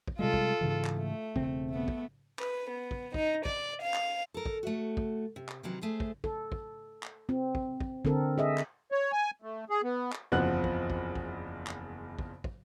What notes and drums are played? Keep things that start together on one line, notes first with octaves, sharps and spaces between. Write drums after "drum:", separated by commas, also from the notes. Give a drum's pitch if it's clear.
drum: kick
C3 G3 G#3 F4 A4
drum: kick
G#2 C#3 E3
drum: clap
A3
E1 C#3 C4, drum: kick
A3 B3
drum: kick
B4, drum: clap
B3
drum: kick
D#4, drum: kick
D5, drum: kick
F5
drum: clap
A4 A#4
drum: kick
A3 F#4
drum: kick
C3
drum: clap
C3 D#3 E3 F#3 C4
A3 G#4 C5
drum: kick
A4, drum: kick
drum: kick
drum: clap
C4
drum: kick
drum: kick
D3 C4 A4 A#4, drum: kick
G#4 D#5 E5
drum: clap
C#5
G#5
A3
G#4
B3
drum: clap
F#1 E2 F3 C4 F#5 F#6
drum: kick
drum: kick
drum: kick
drum: clap
drum: kick
drum: kick